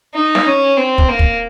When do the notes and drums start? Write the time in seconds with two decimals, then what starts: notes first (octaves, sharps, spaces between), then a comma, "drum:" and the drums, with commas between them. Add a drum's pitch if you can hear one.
0.14 D#4
0.35 drum: snare
0.46 C#4
0.77 C4
0.98 drum: kick
1.09 A#3
1.19 drum: kick